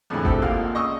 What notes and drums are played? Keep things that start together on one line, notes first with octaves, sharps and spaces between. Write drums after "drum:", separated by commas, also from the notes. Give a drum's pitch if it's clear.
F2 A2 D3 E3 G#3 E4
C4 G4 A4, drum: kick G1
G#1 A#3 F4 F5 F#5 F6
C#3 D#5 C#6 E6